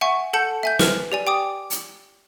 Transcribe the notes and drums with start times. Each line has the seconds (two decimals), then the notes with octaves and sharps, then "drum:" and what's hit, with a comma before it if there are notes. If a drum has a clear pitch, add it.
0.01 E5 F#5 G#5 C#6
0.33 A4 F#5 A5 G6 C#7
0.63 E5 G#5 G6
0.79 B4 F6, drum: snare
1.12 G4 D5 G#5
1.27 G5 D6 D#6
1.70 drum: hi-hat